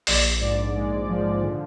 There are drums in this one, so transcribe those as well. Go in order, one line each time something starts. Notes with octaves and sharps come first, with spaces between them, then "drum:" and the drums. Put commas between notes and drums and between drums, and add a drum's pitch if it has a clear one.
A#1 D5, drum: open hi-hat
G#2 D5
G#3
F3
D3